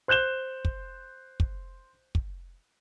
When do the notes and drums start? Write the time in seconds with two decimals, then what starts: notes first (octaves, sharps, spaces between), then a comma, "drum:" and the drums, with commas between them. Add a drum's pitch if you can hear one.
0.08 C5 F#6 G6 E7 G7
0.65 drum: kick
1.40 drum: kick
2.15 drum: kick